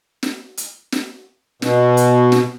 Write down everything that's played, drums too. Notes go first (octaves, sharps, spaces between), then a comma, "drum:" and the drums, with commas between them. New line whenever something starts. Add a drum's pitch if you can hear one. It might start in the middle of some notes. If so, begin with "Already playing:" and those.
drum: snare
drum: hi-hat
drum: snare
B2, drum: snare
drum: hi-hat
drum: snare